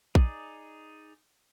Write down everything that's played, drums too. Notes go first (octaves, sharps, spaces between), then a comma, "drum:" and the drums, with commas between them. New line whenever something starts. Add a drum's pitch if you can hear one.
D#4 G#4 D5, drum: kick A#1